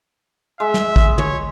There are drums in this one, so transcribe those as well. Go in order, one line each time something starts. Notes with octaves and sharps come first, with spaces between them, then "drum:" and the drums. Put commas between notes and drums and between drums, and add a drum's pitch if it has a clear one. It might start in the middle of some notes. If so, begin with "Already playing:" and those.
G#3 E5
drum: snare
drum: kick
C#5, drum: tom